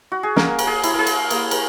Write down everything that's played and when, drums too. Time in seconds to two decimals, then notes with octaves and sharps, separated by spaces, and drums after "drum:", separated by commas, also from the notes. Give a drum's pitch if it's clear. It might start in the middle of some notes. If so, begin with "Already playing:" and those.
0.12 F#4
0.23 G#4
0.36 A#3 A#4, drum: snare
0.59 A#4, drum: cymbal
0.67 G#4
0.84 E4, drum: cymbal
0.94 G#4 A#4
1.07 drum: cymbal
1.30 A#3, drum: cymbal
1.51 A#4, drum: cymbal